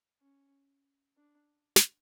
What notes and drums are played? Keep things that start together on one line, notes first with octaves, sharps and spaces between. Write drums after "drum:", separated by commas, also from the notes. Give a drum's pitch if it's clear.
C#4
D4
drum: snare